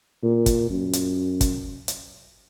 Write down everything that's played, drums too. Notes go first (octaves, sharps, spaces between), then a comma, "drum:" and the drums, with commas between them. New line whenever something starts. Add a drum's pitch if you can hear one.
A#2
drum: kick, hi-hat
F#2
drum: hi-hat
drum: kick, hi-hat
drum: hi-hat